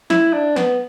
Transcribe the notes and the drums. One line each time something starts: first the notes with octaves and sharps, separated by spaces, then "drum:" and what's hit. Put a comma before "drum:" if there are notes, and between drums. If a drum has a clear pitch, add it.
E4, drum: snare
D4
B3, drum: snare